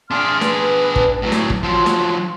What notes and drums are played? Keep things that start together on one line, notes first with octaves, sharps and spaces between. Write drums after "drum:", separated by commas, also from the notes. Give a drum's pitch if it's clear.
D4 G#4 F5 C6 F6
B4, drum: snare
drum: kick
A2 F#3
drum: snare
drum: kick
F3 F#3 C6
drum: snare